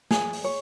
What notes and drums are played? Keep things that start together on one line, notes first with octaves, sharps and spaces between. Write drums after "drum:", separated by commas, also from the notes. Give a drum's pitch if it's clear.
G#4, drum: snare
drum: open hi-hat
C#5